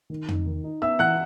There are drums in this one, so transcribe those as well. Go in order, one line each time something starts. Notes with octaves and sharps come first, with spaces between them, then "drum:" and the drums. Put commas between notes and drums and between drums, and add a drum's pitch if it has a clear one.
D#3
D#4, drum: tom
D#3
D#4
B3 E5 E6
E3 F#5 F#6